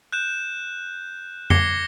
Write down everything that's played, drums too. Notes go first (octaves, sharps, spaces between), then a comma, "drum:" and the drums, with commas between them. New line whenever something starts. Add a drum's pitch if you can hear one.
F#6 G6 E7
D6 G#6 A#6 C7 C#7 G7, drum: tom F2